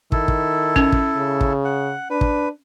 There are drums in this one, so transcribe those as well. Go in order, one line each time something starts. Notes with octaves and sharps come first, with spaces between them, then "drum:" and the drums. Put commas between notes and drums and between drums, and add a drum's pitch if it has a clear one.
D#3 E4 A4, drum: kick
drum: kick
C#4, drum: kick
drum: kick
C#3
drum: kick
F#5
D4 B4
drum: kick